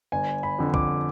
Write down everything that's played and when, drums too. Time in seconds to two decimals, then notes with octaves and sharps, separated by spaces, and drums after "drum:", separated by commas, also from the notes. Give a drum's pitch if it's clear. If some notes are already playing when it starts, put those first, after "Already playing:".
0.12 G1 G#5
0.43 B5
0.59 F2 D3
0.74 D6, drum: kick